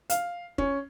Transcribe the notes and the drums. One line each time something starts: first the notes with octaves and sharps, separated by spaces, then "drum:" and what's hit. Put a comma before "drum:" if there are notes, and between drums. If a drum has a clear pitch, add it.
F5, drum: hi-hat
C#4, drum: kick